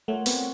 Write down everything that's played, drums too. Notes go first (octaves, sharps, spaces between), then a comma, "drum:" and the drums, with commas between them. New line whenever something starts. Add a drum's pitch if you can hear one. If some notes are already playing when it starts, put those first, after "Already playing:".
A3 F4 A#4 C#5 F#5
B3 C4, drum: open hi-hat